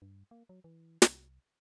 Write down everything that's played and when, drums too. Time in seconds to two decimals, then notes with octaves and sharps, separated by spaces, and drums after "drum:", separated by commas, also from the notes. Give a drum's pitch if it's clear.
0.02 G2
0.31 A#3
0.49 F#3
0.64 E3
1.02 C2, drum: snare